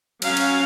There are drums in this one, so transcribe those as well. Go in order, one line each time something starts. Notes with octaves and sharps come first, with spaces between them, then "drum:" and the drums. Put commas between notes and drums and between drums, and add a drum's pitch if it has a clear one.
F#3 C#4 F5, drum: cymbal
drum: cymbal